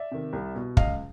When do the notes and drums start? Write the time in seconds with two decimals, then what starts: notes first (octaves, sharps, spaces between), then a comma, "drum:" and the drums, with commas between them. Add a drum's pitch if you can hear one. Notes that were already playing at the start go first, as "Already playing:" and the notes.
Already playing: D5 E5
0.12 C3 D#3
0.33 C2
0.56 B2
0.77 C#2 D#5 F5, drum: kick